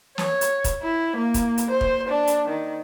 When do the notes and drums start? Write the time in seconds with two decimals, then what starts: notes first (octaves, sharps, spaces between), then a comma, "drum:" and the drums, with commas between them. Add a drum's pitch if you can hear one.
0.18 C#5, drum: snare
0.41 drum: hi-hat
0.64 drum: kick, hi-hat
0.82 E4
1.17 A#3
1.34 drum: kick, hi-hat
1.58 drum: hi-hat
1.70 C5
1.81 drum: kick
2.09 D4
2.27 drum: hi-hat
2.47 D#3